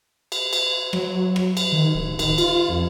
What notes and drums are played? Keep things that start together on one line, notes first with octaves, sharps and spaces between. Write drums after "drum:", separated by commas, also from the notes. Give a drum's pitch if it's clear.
drum: cymbal
drum: cymbal
F#3, drum: rim click
drum: rim click
drum: cymbal
D#3
D1
D#3, drum: cymbal
F4, drum: cymbal
F2